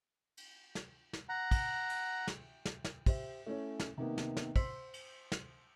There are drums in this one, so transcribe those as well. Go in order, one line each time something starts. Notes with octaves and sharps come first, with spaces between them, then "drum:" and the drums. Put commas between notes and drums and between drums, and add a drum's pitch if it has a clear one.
drum: cymbal
drum: snare
drum: snare
F#5 A#5
drum: kick, cymbal
drum: cymbal
drum: snare
drum: snare
drum: snare
G4 C5 E5, drum: kick, cymbal
A3 C#4 E4 C#5
drum: snare
C3 D#3 A#3 B3
drum: snare
drum: snare
C5 C6 E6 B6, drum: kick, cymbal
drum: cymbal
drum: snare